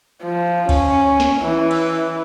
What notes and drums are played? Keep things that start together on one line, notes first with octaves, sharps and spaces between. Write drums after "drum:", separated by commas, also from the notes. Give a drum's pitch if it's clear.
F3
C#4, drum: kick C#2, cymbal
drum: snare
E3
drum: cymbal